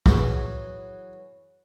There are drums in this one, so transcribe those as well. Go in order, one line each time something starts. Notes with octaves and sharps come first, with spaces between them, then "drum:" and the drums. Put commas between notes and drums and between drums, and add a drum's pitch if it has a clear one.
E3 F#3 F#4 G#4, drum: kick